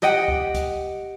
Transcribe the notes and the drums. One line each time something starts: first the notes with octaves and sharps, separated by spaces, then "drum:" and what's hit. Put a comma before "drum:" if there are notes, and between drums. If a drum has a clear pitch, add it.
G4 D#5 F#5 G5, drum: hi-hat
drum: kick
drum: kick, hi-hat